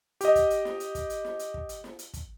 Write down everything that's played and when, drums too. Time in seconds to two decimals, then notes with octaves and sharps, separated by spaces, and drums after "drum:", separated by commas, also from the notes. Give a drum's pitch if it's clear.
0.21 G4 D#5, drum: hi-hat
0.35 drum: kick, hi-hat
0.50 drum: hi-hat
0.65 drum: snare
0.80 drum: hi-hat
0.95 drum: kick, hi-hat
1.10 drum: hi-hat
1.25 drum: snare
1.39 drum: hi-hat
1.54 drum: kick
1.69 drum: hi-hat
1.84 drum: snare
1.99 drum: hi-hat
2.14 drum: kick, hi-hat